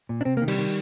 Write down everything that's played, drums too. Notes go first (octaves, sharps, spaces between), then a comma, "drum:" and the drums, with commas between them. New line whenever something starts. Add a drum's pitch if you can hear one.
A#2
D4
C3 C4
A#3
D#3
G3, drum: cymbal
D#3